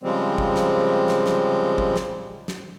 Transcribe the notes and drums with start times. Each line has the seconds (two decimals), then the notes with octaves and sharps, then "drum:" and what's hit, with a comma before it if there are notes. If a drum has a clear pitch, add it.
0.03 C#3 F3 G3 G#3 C4
0.38 drum: kick
0.56 drum: snare
1.08 drum: snare
1.26 drum: snare
1.78 drum: kick
1.96 drum: snare
2.48 drum: snare